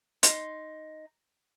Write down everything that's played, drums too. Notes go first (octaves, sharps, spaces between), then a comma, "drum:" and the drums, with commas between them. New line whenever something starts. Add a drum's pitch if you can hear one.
D#4 C6, drum: hi-hat